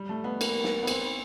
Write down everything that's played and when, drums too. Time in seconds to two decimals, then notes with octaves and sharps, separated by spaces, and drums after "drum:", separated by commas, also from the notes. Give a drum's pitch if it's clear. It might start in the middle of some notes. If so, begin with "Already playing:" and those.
Already playing: G3
0.09 A3
0.24 B3
0.41 A#3, drum: cymbal
0.64 drum: snare
0.83 B3
0.87 C4, drum: cymbal